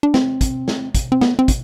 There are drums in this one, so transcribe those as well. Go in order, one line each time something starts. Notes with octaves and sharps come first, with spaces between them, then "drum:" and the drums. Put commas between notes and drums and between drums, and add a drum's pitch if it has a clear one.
D4
C4, drum: snare
drum: kick, hi-hat
drum: snare
drum: kick, hi-hat
C4
B3, drum: snare
C4
drum: kick, hi-hat